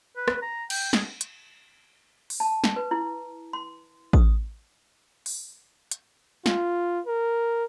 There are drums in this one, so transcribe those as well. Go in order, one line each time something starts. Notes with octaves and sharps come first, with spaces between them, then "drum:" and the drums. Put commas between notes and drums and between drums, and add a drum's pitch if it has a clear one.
B4
drum: rim click
A#5
G5, drum: cymbal
G#4, drum: snare
drum: hi-hat
drum: open hi-hat
A5
drum: snare
B4
E4
C6
D#6, drum: kick A1
drum: open hi-hat
drum: hi-hat
F4, drum: snare
A#4